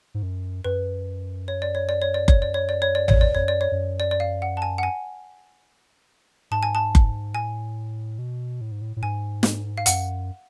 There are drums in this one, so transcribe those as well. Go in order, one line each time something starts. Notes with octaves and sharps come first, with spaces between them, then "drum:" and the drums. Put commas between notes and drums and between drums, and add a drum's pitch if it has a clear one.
G#2
F#2
F#2 B4
C#5
D5
C#5
D5
C#5
D5
C#5, drum: kick F#1
D5
C#5
D5
C#5
D5
C#5, drum: tom A1
D5
F2 C#5
F#2
D5
C#5
F#2
D5
D5
F5
F#5
A5
G#5
F#5
G#5
G#2 A5
G#5
A5
drum: kick F#1
A2 G#5
B2
A2
G#2
A2
A2
G#2 G#5
drum: snare
F5
F#2 F#5, drum: hi-hat